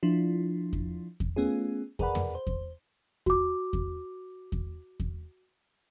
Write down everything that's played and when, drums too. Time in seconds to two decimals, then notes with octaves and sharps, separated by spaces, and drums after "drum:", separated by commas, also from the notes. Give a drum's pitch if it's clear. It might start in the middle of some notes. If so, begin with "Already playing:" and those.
0.03 F3 D4 E4 F4
0.73 drum: kick E2
1.20 drum: kick E2
1.36 A3 B3 C#4 F4 G#4
1.99 G#4 A#4 B4 D5 F#5 B5, drum: kick E2
2.15 drum: tom
2.35 C5
2.47 drum: kick E2
3.26 F#4 D6, drum: kick E2
3.73 drum: kick E2
4.52 drum: kick E2
5.00 drum: kick E2